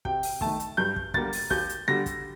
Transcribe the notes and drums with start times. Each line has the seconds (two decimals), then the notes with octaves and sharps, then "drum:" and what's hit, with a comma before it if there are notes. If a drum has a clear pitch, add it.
0.05 C3 G5, drum: kick
0.23 drum: open hi-hat
0.41 D#3 A3 A5, drum: kick
0.60 drum: hi-hat
0.77 G2 G6
0.96 drum: kick
1.14 D3 G3 A#3 A6, drum: kick
1.33 drum: open hi-hat
1.50 D#2 G6, drum: kick
1.69 drum: hi-hat
1.88 D3 G3 A#6
2.06 drum: kick, hi-hat